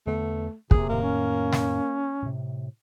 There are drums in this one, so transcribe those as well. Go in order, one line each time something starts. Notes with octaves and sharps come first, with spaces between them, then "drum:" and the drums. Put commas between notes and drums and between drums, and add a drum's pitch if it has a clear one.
E2 D3 A3 B3
E2 C3 A#3 G#4, drum: kick
F2 A2 D#3 A#3
C#4
drum: snare
A2 C3